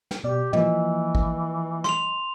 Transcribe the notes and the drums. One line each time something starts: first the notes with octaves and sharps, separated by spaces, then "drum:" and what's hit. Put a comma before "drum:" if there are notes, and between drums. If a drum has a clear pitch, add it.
drum: snare
B2 G4 D5
E3 F3 A#3 D#5, drum: tom
drum: kick
C6 F7, drum: snare